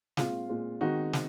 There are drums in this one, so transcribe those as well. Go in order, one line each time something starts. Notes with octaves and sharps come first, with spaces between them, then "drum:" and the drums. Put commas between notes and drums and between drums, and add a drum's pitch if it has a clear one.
A#2 G#3 C4 F4, drum: snare
A#2 G#3 C4
D#3 G#3 C4 D#4 F#4
C4, drum: snare